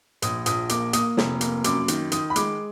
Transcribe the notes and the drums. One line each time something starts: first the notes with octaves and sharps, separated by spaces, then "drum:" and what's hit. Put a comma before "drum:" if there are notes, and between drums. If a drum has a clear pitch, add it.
A#1 D#6, drum: hi-hat
A#1 D#6, drum: hi-hat
A#3 D6, drum: hi-hat
A#3 D#6, drum: hi-hat
F1, drum: snare
A#3, drum: hi-hat
F#2 D6, drum: hi-hat
D#3, drum: hi-hat
D#3 D#6, drum: hi-hat
B5
G#3 D6, drum: hi-hat